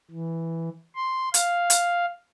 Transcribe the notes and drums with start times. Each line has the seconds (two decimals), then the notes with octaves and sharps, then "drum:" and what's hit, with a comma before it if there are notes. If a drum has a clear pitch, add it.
0.11 E3
0.95 C6
1.34 F5, drum: hi-hat
1.70 drum: hi-hat